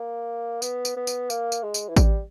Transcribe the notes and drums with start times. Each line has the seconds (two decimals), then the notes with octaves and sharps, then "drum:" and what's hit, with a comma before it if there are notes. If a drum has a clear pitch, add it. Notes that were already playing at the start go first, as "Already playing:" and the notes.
Already playing: A#3
0.62 B3, drum: tambourine
0.85 drum: tambourine
0.96 B3
1.07 drum: tambourine
1.30 A#3, drum: tambourine
1.52 drum: tambourine
1.63 G#3
1.74 drum: tambourine
1.89 E3
1.96 G3, drum: kick A1, tambourine